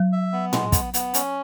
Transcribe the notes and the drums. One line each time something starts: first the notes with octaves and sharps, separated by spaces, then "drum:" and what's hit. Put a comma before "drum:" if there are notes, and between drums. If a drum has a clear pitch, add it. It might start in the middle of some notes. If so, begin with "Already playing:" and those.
Already playing: F#3
E5
B3
G#3, drum: tom A2
B3, drum: kick, hi-hat
B3, drum: hi-hat
C#4, drum: hi-hat